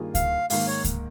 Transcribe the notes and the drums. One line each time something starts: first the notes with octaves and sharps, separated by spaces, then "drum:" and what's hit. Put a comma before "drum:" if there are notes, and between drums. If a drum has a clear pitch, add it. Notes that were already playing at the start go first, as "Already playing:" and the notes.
Already playing: G2 D#3 A#3 F4 G#4
F5, drum: kick C#2, hi-hat
G#2 D#3 A#3 F5, drum: open hi-hat
C#5
drum: kick C#2, hi-hat